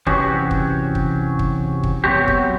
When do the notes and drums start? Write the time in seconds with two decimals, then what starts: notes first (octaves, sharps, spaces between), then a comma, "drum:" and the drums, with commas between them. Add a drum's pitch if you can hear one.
0.07 C3 E3 F#3 C#4 F#4 G4, drum: kick
0.51 drum: kick
0.95 drum: kick
1.39 drum: kick
1.83 drum: kick
2.04 F#3 B3 C4 F#4 G4
2.28 drum: kick